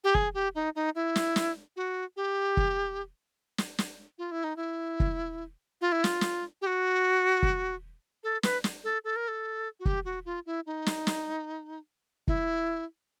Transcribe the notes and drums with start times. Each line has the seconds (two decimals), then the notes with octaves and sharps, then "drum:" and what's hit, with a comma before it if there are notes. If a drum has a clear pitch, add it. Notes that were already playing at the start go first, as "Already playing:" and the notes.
0.04 G4
0.15 G#4, drum: kick
0.34 G4
0.55 D#4
0.76 D#4
0.95 E4
1.16 drum: snare
1.36 drum: snare
1.76 F#4
2.17 G4
2.57 drum: kick
3.58 drum: snare
3.78 drum: snare
4.18 F4
4.32 E4
4.44 D#4
4.56 E4
5.00 drum: kick
5.81 F4
5.92 E4
6.04 F4, drum: snare
6.21 drum: snare
6.62 G4
6.66 F#4
7.43 drum: kick
8.24 A4
8.43 B4, drum: snare
8.64 drum: snare
8.84 A4
9.04 A4
9.16 A#4
9.28 A4
9.80 F#4
9.85 G4, drum: kick
10.05 F#4
10.26 F4
10.46 E4
10.66 D#4
10.86 drum: snare
11.07 drum: snare
12.28 E4, drum: kick